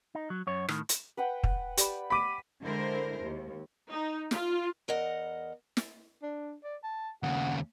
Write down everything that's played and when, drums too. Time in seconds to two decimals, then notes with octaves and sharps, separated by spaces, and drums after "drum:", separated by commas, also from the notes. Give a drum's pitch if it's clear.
0.15 D#4
0.30 F#3
0.47 F#2 C#5
0.68 A2 D#3, drum: rim click
0.89 drum: hi-hat
1.17 B4 F#5 G5
1.43 drum: kick
1.77 G4 D5 B5, drum: hi-hat
2.10 B5 D6 B6 D#7
2.62 D3 G#3 E4 A#4 C5
3.24 D#2
3.90 D#4
4.31 F4, drum: snare
4.88 E2 A#4 D#5 F#5
5.77 drum: snare
6.23 D4
6.64 D5
6.83 A5
7.23 D#2 C#3 F#5